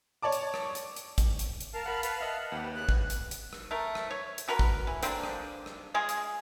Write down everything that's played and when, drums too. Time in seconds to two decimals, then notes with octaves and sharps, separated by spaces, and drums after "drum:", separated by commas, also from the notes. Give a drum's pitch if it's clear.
0.22 C#5 D5 A5 D6
0.32 drum: hi-hat
0.54 drum: rim click
0.75 drum: hi-hat
0.96 drum: hi-hat
1.18 drum: kick, hi-hat
1.39 drum: hi-hat
1.61 drum: hi-hat
1.74 A#4 F5 A5 F6
1.86 A#4 F#5 B5
2.03 B4, drum: hi-hat
2.21 D#5 E5 F#5
2.52 D#2 C4 G4 B4
2.74 C#3 E3 B3 F#6
2.89 drum: kick
3.10 drum: hi-hat
3.31 drum: hi-hat
3.53 drum: rim click
3.71 A3 A#4
3.95 drum: rim click
4.11 C#5
4.38 drum: hi-hat
4.48 D3 F#4 A#4 B4
4.59 drum: kick
4.87 E3
5.03 D3 A#3 C4 D4, drum: hi-hat
5.23 drum: rim click
5.66 drum: rim click
5.94 G#3 F4 G#4
6.09 drum: hi-hat